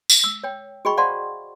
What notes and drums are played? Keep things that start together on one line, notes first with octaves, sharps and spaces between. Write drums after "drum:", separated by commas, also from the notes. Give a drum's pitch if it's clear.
drum: tambourine
E6
C#5 G5
F#4 G#4 D#5 G5 B5 C#6
C5 D5 F5 F#5 A5 C6